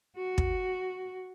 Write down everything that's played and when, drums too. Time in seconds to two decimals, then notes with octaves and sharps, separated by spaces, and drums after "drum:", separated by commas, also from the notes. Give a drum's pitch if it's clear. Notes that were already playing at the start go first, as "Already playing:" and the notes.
0.17 F#4
0.38 drum: kick